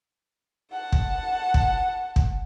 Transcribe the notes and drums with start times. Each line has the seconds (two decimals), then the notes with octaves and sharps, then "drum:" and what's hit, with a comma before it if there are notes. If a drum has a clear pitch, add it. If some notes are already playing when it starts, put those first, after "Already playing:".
0.72 F#5 A5
0.92 drum: kick
1.54 drum: kick
2.16 drum: kick